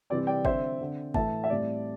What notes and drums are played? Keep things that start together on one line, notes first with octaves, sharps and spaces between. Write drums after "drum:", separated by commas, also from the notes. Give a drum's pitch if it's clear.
C3 E3 G3 C4 D5
D5 G5
D3 C4 C5 E5, drum: kick G1
D3 C4
A2 E3 A3 E5 A5, drum: kick G1
E5
A2 G3 C4 D5